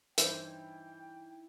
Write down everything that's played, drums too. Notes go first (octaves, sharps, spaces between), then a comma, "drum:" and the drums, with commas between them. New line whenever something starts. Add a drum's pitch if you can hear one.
G2 E3 D#4 E4 C5 D#5 E5 G5, drum: hi-hat